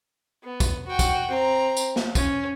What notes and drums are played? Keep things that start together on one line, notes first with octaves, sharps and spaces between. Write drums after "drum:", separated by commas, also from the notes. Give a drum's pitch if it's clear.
B3
drum: kick, tambourine
F#4 G5
drum: kick, tambourine
C4 A#5
drum: tambourine
drum: snare
C#4, drum: kick, tambourine